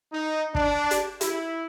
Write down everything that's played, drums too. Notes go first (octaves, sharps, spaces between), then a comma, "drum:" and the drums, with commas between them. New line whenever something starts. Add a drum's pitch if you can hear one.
D#4
D4, drum: kick
drum: hi-hat
E4, drum: hi-hat